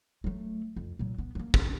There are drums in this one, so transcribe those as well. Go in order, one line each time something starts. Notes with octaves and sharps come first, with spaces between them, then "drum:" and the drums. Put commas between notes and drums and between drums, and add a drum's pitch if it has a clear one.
F#3 A3
F2
A#2 F#3
B3
F#3 A#3
D3, drum: kick